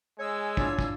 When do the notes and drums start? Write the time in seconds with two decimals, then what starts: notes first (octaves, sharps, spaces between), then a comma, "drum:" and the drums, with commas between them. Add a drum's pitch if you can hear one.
0.19 G#3 C#5 G#5 E6
0.57 D4 E4 F4 C#5, drum: kick
0.79 drum: kick